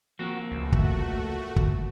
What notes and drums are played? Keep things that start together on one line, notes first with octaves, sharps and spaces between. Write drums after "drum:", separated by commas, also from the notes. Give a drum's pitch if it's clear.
F3 A#3 C4 F#4
C#2 A3 F#4
drum: kick
drum: kick